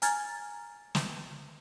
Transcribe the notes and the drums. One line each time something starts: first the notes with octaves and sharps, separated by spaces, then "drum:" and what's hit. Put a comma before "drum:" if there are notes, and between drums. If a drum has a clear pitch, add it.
G#5 A#5 F6 G#6 A6, drum: hi-hat
drum: snare